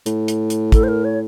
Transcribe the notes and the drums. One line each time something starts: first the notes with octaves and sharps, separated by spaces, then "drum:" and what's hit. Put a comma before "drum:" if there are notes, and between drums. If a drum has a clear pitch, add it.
A2, drum: hi-hat
drum: hi-hat
drum: hi-hat
A4, drum: kick, hi-hat
C5
A#4
C#5